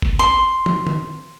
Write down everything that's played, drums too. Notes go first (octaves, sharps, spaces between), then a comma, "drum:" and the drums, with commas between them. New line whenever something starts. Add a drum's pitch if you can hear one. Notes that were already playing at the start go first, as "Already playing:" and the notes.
drum: kick G1
C6
drum: tom
drum: tom